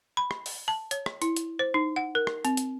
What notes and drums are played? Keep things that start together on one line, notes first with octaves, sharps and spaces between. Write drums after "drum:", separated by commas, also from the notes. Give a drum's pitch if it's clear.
B5
drum: rim click
drum: open hi-hat
A5
C#5, drum: hi-hat
drum: rim click
E4, drum: hi-hat
drum: hi-hat
C5
D#4
F#5
A#4
drum: rim click
C4, drum: hi-hat
drum: hi-hat